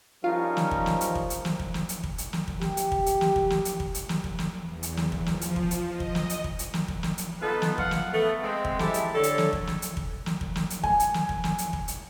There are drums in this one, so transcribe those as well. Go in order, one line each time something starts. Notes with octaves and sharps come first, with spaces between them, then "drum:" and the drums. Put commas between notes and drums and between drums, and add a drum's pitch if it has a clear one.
F3 G3 C#4 D#4 F4 A#4 F5
drum: snare
drum: kick
drum: snare
drum: hi-hat
drum: kick
drum: hi-hat
drum: snare
drum: kick
drum: snare
drum: hi-hat
drum: kick
drum: hi-hat
drum: snare
drum: kick
G4, drum: snare
drum: hi-hat
drum: kick
drum: hi-hat
drum: snare
drum: kick
drum: snare
drum: hi-hat
drum: kick
drum: hi-hat
drum: snare
drum: kick
drum: snare
E2
drum: hi-hat
drum: snare
drum: kick
F3, drum: snare
drum: hi-hat
drum: kick
drum: hi-hat
D#5
drum: kick
drum: snare
drum: hi-hat
drum: kick
drum: hi-hat
drum: snare
drum: kick
drum: snare
drum: hi-hat
B3 D#4 F4 A4 B4
drum: snare
F5 F#5, drum: kick
drum: snare
A3 B3
G#3 C4
drum: kick
G#3 E4 G4 A4, drum: snare
drum: hi-hat
D3 A4 C#5
drum: hi-hat
drum: snare
drum: kick
drum: snare
drum: hi-hat
drum: kick
drum: snare
drum: kick
drum: snare
drum: hi-hat
G#5, drum: kick
drum: hi-hat
drum: snare
drum: kick
drum: snare
drum: hi-hat
drum: kick
drum: hi-hat